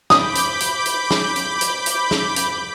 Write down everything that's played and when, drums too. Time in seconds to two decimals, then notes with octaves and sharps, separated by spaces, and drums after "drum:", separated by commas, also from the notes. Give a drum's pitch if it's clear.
0.10 B5 D6 D#6 G6, drum: snare
0.35 drum: hi-hat
0.60 drum: hi-hat
0.85 drum: hi-hat
1.11 drum: snare
1.36 drum: hi-hat
1.61 drum: hi-hat
1.86 drum: hi-hat
2.11 drum: snare
2.36 drum: hi-hat